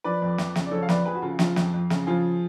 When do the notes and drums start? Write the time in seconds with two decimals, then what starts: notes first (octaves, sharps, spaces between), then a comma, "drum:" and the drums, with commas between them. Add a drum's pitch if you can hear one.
0.04 F3 B4 D5
0.22 F2
0.38 F2, drum: snare
0.56 C#3, drum: snare
0.66 D5
0.71 F3 A4 C#5
0.82 F5
0.89 F2 B4 D5, drum: snare
1.05 F2 G#4 B4
1.15 F#4
1.22 C#3 F4
1.39 F3 F4, drum: snare
1.56 F2, drum: snare
1.74 F2
1.90 C#3, drum: snare
2.07 F3 F4 G#4